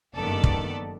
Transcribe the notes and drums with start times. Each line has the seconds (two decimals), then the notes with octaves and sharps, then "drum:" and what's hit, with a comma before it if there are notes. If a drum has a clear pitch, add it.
0.15 F#1 G2 D#3 B3 A4 D5
0.44 drum: kick